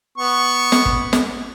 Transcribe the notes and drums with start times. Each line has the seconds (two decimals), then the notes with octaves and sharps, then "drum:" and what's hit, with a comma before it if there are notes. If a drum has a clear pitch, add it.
0.18 B3 C#6
0.72 drum: snare
0.86 drum: kick
1.13 drum: snare